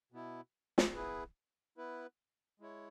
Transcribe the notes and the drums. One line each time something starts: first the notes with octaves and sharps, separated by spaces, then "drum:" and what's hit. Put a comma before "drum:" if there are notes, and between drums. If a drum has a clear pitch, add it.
B2 B3 E4
drum: snare
B3 E4 G#4 B4
B3 E4 B4
G#3 E4 C#5